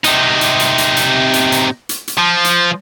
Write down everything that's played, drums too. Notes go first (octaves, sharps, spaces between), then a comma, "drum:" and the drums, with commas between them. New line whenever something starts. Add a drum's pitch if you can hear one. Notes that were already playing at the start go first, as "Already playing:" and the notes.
C3 D#4, drum: hi-hat
drum: hi-hat
drum: hi-hat
drum: hi-hat
drum: hi-hat
drum: hi-hat
drum: hi-hat
drum: hi-hat
drum: hi-hat
F3
drum: hi-hat